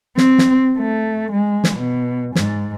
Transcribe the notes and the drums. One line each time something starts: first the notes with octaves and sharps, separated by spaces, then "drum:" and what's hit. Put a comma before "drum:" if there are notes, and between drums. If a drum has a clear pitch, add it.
C4, drum: snare
drum: snare
A3
G#3
drum: snare
B2
G#2, drum: snare